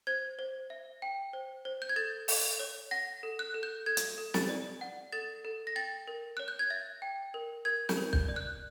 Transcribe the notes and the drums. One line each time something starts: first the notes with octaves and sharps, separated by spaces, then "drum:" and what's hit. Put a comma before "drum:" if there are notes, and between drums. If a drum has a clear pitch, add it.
C5 G#6
C5
E5
G5
C5
C5
G6
G#6
A4 A6
A4, drum: open hi-hat
C#5
F#5 A#6
A4
F#6
A4
G6
A4 G#6
drum: hi-hat
A4
A6, drum: snare
D5
F#5
A4 A6
A4
A#6
G5 A6
A#4
C#5 F#6
G6
G#6
E5 A6
G5
A#4
A#4 G#6
G6, drum: snare
A#4
G6, drum: kick
D5
F#6